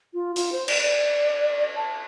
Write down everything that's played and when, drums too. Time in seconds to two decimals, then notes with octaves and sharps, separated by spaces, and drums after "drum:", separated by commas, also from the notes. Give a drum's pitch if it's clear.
0.14 F4
0.36 F4, drum: hi-hat
0.52 C5
0.68 D5, drum: cymbal
0.82 D5
1.76 A5